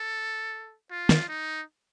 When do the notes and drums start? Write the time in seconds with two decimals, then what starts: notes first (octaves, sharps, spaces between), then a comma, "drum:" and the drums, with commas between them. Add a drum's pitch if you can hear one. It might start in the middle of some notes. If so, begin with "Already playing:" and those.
Already playing: A4
0.91 F4
1.09 drum: snare
1.28 D#4